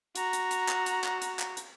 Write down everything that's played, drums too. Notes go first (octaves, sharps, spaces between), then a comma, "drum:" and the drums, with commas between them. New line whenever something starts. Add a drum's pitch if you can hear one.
F#4 A#5, drum: hi-hat
drum: hi-hat
drum: hi-hat
drum: clap
drum: hi-hat
drum: clap
drum: hi-hat
drum: clap
drum: hi-hat